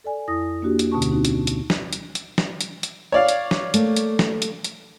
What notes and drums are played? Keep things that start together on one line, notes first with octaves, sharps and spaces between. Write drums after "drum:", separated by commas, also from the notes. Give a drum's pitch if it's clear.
A4 D5 G#5
F2 E4 D#6 A#6
A#3 D4 F#4 G4
drum: hi-hat
D2 B2 D3 C#4 A5 C#6
drum: hi-hat
C4 D4 D#4 F#4
drum: hi-hat
drum: hi-hat
drum: snare
drum: hi-hat
drum: hi-hat
drum: snare
drum: hi-hat
drum: hi-hat
C#5 D5 F5
drum: hi-hat
drum: snare
A3 A#3, drum: hi-hat
drum: hi-hat
drum: snare
drum: hi-hat
drum: hi-hat